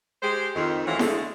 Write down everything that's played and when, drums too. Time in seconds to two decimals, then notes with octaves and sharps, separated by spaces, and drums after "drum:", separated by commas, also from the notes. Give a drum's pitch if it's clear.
0.22 G#3 G4 G#4 C5
0.55 F2 D#3
0.86 E3 F#3 A3 A#3 C4 C#4
0.99 D3 G#3 A3, drum: snare E4